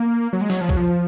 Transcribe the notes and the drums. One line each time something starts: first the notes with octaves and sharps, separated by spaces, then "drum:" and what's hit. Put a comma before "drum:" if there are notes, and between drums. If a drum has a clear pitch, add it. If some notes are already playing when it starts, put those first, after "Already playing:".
Already playing: A#3
F#3
G#3
F#3, drum: snare F#3
F3
F#3, drum: kick B1
F3